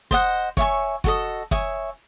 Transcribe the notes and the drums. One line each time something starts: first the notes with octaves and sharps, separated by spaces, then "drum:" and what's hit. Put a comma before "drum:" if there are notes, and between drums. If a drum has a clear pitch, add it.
C5 D#5 F#5, drum: kick, hi-hat
C#5 E5 G#5 C#6, drum: kick, hi-hat
F#4 A4 D#5, drum: kick, hi-hat
C#5 E5 G#5 D#6, drum: kick, hi-hat